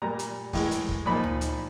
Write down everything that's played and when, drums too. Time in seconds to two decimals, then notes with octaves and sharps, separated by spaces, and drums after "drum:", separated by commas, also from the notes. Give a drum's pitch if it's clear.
0.02 A#2 G3 A#3 A#5
0.19 drum: hi-hat
0.53 A2 E3 G#3, drum: kick, open hi-hat
0.71 drum: hi-hat
0.89 drum: kick
1.06 A#2 F3 A#3 D#4 B5
1.24 drum: tom D2
1.41 drum: hi-hat